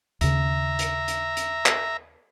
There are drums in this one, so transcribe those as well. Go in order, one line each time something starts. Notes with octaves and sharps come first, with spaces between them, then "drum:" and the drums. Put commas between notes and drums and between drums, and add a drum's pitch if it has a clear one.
D#2 C#3 E5 A#5, drum: hi-hat
drum: hi-hat
drum: hi-hat
drum: hi-hat
drum: clap